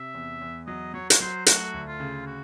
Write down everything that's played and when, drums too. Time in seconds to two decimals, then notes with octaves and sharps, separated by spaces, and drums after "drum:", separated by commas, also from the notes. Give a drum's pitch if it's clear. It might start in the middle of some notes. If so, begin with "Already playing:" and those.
Already playing: C3 E5
0.14 E2
0.41 E2
0.67 F#3 D#5
0.94 F#3 C#5
1.10 C#5, drum: hi-hat
1.20 F#3 C5
1.46 A3 F#4, drum: hi-hat
1.74 D2
1.87 F4
2.00 C#3
2.27 F#4